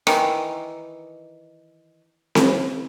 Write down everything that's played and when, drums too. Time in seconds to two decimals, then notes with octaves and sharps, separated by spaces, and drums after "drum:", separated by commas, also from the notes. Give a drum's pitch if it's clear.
0.07 D#3 E3, drum: rim click
2.35 drum: snare C4